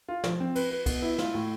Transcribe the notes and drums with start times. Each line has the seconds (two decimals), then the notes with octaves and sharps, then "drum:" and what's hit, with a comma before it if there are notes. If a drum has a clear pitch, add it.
0.08 F4
0.24 F3, drum: snare
0.40 C4
0.55 B4, drum: cymbal
0.71 B4
0.86 B3, drum: kick, cymbal
1.02 E4
1.18 F4, drum: snare
1.34 A2